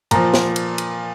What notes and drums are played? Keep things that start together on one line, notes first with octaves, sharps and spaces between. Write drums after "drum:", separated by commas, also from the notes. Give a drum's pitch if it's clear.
A#2 F3 A#5, drum: cymbal
drum: snare
drum: cymbal
drum: cymbal